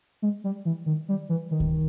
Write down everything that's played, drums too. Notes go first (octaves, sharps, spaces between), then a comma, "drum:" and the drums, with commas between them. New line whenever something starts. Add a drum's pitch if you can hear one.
G#3
G3
E3
D#3
G3
E3
D#3
drum: kick C#2